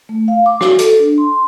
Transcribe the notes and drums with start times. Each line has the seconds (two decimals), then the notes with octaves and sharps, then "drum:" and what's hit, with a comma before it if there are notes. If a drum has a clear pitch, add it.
0.09 A3
0.28 F5
0.46 D6
0.61 F#4, drum: rim click
0.79 A4, drum: hi-hat
0.99 D4
1.18 C6